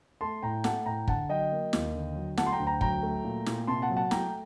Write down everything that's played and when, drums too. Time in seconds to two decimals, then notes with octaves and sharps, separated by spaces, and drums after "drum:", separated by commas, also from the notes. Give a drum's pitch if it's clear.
0.21 A3 A5 C6
0.42 A2 G5 A#5
0.64 A3 F#5 A5, drum: snare
0.86 A2 G5 A#5
1.08 D3 F#5 A5, drum: kick
1.29 F#3 D#5 G5
1.52 A#3
1.73 D#2, drum: snare
1.95 D3
2.16 F#3
2.37 A3 F#5 A5, drum: snare
2.46 C6
2.52 G5 A#5
2.60 D2
2.66 G5 A#5
2.81 F#3 G5 A#5, drum: kick
3.03 A3
3.24 A#2
3.46 A#2, drum: snare
3.67 C3 A5 C6
3.82 F#5 A5
3.90 F#3
3.97 F#5 A5
4.11 A3 G5 A#5, drum: snare